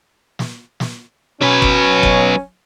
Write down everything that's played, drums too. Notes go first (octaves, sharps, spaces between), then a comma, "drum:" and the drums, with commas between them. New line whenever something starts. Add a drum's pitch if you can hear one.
drum: snare
drum: snare
F#3 C#4 B4
drum: kick
drum: kick